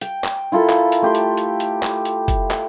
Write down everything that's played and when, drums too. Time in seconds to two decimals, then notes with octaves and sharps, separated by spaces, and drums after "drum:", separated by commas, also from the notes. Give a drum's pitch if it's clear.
0.01 G5, drum: hi-hat
0.24 drum: clap
0.52 E4 F4 A4 A#4
0.69 drum: clap
0.92 drum: hi-hat
1.02 A3 G4 C6
1.15 drum: hi-hat
1.37 drum: hi-hat
1.60 drum: hi-hat
1.83 drum: clap
2.05 drum: hi-hat
2.28 drum: kick, hi-hat
2.51 drum: clap